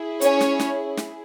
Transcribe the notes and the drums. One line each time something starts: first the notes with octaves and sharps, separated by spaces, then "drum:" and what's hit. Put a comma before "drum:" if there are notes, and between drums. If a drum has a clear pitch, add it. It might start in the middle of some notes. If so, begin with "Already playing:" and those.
Already playing: E4 G#4
C#4 C#5, drum: hi-hat
drum: snare
drum: snare
drum: snare